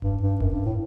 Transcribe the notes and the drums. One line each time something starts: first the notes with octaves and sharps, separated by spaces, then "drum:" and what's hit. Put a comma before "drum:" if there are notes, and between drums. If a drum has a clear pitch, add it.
G2, drum: kick F1
G2
F#2, drum: kick F1
G2
A2